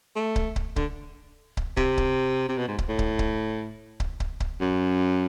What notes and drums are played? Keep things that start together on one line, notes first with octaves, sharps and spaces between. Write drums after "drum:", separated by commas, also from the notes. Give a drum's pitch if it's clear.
A3
drum: kick
drum: kick
D3, drum: kick
drum: kick
C3, drum: kick
drum: kick
C3
B2
G#2
drum: kick
A2
drum: kick
drum: kick
drum: kick
drum: kick
drum: kick
F#2